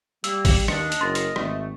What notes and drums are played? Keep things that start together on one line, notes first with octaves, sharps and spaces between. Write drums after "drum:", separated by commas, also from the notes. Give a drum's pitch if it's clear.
G3 A#3 E6, drum: hi-hat
drum: kick A1, open hi-hat
D#2 D4 D#5 C#7, drum: rim click
drum: hi-hat
F#1 A#4 C6 A6
drum: hi-hat
G#1 A3, drum: rim click